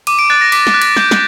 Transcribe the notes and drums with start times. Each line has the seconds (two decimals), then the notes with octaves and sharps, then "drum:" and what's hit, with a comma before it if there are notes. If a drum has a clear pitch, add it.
0.07 D6 D#7, drum: cymbal
0.19 D7
0.30 F#6 A6
0.41 A#6
0.52 D6 B6, drum: cymbal
0.67 A#6, drum: snare
0.74 F#6
0.82 A6, drum: cymbal
0.97 D6 G6, drum: snare
1.11 drum: snare